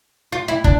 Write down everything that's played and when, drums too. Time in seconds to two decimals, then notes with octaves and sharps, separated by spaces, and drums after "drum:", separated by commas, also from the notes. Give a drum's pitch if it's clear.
0.32 F4
0.48 E4
0.64 D4, drum: kick